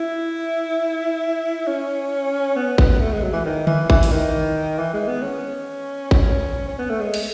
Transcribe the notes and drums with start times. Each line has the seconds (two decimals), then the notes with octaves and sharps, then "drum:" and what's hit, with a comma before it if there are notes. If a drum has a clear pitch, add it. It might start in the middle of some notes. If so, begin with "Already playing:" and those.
Already playing: E4
1.67 C#4
2.56 B3
2.78 B3, drum: kick G#1
3.00 A3
3.12 G#3
3.23 F#3
3.33 E3
3.45 D#3
3.67 E3, drum: tom D3
3.90 E3, drum: kick G#1
4.03 drum: open hi-hat
4.12 D#3
4.79 E3
4.93 G#3
5.08 B3
5.22 C#4
6.11 C#4, drum: kick G#1
6.68 C#4
6.79 B3
6.90 A3
7.00 G#3
7.14 drum: cymbal